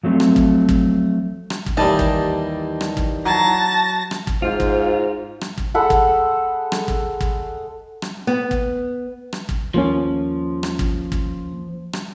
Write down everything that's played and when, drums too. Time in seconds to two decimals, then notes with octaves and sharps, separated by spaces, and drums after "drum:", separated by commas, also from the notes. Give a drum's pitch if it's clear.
0.03 F3 F#3 A3 C4
0.20 drum: rim click
0.36 drum: kick
0.69 drum: kick
1.50 drum: rim click
1.66 drum: kick
1.77 D#2 E3 G3 D#4 D#5 A5
1.99 drum: kick
2.81 drum: rim click
2.97 drum: kick
3.25 F#3 A5 A#6
4.11 drum: rim click
4.27 drum: kick
4.42 G#2 F4 C5
4.60 drum: kick
5.41 drum: rim click
5.58 drum: kick
5.74 G#3 A4 F#5 B5
5.90 drum: kick
6.72 drum: rim click
6.88 drum: kick
7.21 drum: kick
8.02 drum: rim click
8.27 B3
8.51 drum: kick
9.33 drum: rim click
9.49 drum: kick
9.74 D#2 F3 A#3 C#4
10.63 drum: rim click
10.79 drum: kick
11.12 drum: kick
11.93 drum: rim click